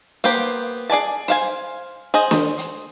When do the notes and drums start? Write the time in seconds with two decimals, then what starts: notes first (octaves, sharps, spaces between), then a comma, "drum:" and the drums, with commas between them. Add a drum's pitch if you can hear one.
0.24 A#3 B3 G4 C5
0.90 G#4 D5 G#5 A5
1.28 C5 F5 G#5, drum: hi-hat
2.14 G#4 C5 D#5
2.31 drum: snare
2.58 drum: hi-hat